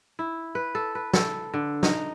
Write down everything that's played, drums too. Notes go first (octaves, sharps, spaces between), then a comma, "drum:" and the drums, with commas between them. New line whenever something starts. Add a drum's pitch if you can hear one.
E4
B4
A4
B4
A4, drum: snare
D3
D#4, drum: snare